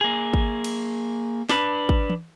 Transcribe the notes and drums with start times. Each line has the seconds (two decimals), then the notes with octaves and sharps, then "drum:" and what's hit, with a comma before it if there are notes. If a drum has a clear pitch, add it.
0.01 A#3 G#4
0.34 drum: kick
0.64 drum: cymbal
1.49 D4 B4, drum: snare
1.89 drum: kick
2.10 drum: tom